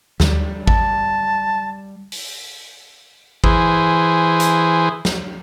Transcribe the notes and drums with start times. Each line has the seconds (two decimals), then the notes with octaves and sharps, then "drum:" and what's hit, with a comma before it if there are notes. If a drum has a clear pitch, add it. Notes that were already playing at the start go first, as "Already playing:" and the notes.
0.20 D#2 G3, drum: snare
0.67 A5, drum: kick
2.12 drum: open hi-hat
3.44 E3 G#4 C5, drum: kick
4.40 drum: hi-hat
5.05 drum: snare